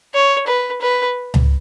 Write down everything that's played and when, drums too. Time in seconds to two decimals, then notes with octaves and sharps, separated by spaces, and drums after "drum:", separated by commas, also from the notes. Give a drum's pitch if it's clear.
0.14 C#5
0.47 B4
0.81 B4
1.34 drum: tom C#2